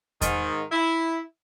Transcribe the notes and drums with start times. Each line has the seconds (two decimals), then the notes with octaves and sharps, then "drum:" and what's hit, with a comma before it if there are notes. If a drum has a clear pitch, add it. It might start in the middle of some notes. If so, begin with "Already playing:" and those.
0.21 G#2 D#3, drum: kick E2, hi-hat
0.71 E4